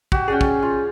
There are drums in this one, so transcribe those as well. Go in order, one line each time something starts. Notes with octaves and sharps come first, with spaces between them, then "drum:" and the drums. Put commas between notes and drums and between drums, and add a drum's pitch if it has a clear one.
F#4 G4, drum: kick
C#4 G#4 D5 F#5 G5
drum: kick
F4